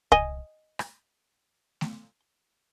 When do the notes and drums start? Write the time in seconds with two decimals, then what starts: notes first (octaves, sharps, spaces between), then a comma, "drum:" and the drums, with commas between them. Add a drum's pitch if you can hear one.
0.12 D#5 G#5, drum: kick C2
0.79 drum: rim click
1.81 drum: snare A3